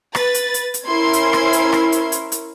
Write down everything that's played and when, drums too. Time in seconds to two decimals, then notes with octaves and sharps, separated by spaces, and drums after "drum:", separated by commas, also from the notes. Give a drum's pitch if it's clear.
0.15 B4 A6, drum: rim click
0.34 drum: hi-hat
0.54 drum: hi-hat
0.74 drum: hi-hat
0.86 C#4 E4 A#4 C5 C6 G#6
1.13 drum: hi-hat
1.33 drum: rim click
1.53 drum: hi-hat
1.73 drum: rim click
1.92 drum: hi-hat
2.12 drum: hi-hat
2.32 drum: hi-hat